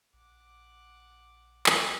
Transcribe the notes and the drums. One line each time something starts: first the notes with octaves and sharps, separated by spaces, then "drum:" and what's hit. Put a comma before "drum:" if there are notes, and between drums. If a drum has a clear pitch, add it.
A#1 F#5 D6
drum: clap